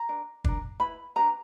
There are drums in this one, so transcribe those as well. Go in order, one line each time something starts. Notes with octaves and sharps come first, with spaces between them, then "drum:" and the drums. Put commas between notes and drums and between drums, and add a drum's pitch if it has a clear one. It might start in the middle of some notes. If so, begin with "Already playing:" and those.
Already playing: A#5
D4 A#4
D4 A#4, drum: kick
E4 B4 B5
D4 G4 B4 A#5